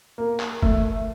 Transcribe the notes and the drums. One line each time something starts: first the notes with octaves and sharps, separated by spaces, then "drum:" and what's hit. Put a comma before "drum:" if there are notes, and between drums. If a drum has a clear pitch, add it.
A#3
drum: clap
A3, drum: kick F#1